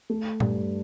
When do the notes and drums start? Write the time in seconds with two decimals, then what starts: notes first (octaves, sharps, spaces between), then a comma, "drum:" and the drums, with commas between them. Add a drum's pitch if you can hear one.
0.10 A3
0.40 G2, drum: tom A#2